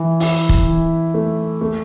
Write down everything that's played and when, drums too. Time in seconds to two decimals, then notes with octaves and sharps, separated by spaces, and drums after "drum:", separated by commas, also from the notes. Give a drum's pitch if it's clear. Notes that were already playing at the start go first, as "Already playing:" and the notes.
Already playing: E3
0.20 E4, drum: open hi-hat
0.49 drum: kick
0.68 E3
1.14 A3
1.61 A3